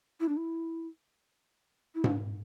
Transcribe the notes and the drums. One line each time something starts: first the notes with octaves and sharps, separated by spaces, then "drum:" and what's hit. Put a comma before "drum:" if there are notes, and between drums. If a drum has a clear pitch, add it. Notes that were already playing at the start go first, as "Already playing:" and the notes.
E4
D4
E4
E4
D4, drum: tom G#2